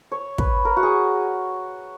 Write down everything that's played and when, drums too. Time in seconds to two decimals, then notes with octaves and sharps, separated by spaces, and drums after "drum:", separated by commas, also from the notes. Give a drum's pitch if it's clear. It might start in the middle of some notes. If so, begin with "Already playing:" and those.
0.12 C#5
0.38 B4, drum: kick
0.65 A#4
0.76 F#4
0.83 G#4